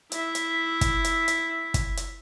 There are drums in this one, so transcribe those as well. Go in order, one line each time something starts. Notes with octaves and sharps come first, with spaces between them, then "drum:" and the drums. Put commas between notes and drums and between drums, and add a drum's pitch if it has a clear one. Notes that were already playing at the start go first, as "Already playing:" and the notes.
E4 E5, drum: hi-hat
drum: hi-hat
drum: kick, hi-hat
drum: hi-hat
drum: hi-hat
drum: kick, hi-hat
drum: hi-hat